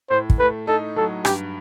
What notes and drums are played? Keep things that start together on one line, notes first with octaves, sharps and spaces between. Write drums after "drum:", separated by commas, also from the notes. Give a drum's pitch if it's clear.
A2 C5
drum: kick
A3 B4
D#4 A4
F#3 A4
G2 G4, drum: rim click